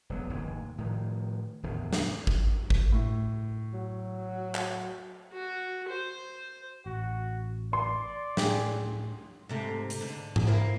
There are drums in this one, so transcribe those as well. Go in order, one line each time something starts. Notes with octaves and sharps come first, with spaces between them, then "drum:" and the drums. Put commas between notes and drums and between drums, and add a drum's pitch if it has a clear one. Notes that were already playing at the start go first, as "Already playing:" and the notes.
E1 F#3 B3
F1 D#2 G#2
A2 D#3 F3
D1 E2 D#3
drum: snare
drum: kick G#1
drum: kick G#1
A2
F#3
drum: clap
F#4
C5
A1 F#4
D5 C6
A2 G4 G#4, drum: snare
G#2 C3 A3
drum: hi-hat
G#2 D3
drum: tom G#2
A#3 C4 E4